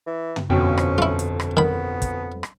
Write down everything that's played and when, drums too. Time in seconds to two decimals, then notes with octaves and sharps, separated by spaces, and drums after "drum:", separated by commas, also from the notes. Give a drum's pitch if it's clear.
0.06 E3
0.36 drum: tom
0.50 G1 F2 B2 C#4 G5
0.77 drum: rim click
0.98 E4 F4
1.19 drum: hi-hat
1.40 drum: rim click
1.57 D#3 B3 B5
2.02 drum: kick, hi-hat
2.43 drum: rim click